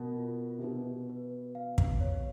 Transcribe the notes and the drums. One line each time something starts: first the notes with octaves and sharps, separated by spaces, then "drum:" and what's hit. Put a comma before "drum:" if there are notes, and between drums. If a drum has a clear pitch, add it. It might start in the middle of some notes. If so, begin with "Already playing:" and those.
Already playing: B2 A#4
F4
C3
B2 B4
B4
F5
drum: kick
C#5